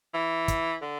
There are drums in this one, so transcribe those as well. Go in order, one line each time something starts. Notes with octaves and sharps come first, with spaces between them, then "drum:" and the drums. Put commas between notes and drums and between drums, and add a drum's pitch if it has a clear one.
E3
drum: kick, hi-hat
D3